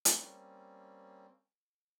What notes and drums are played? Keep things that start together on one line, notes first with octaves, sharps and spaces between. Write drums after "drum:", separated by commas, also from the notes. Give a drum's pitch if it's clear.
drum: hi-hat
G3 A#3 C4 C#4